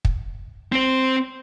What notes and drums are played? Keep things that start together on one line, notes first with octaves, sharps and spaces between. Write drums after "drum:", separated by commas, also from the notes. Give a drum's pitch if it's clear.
drum: kick
C4 C5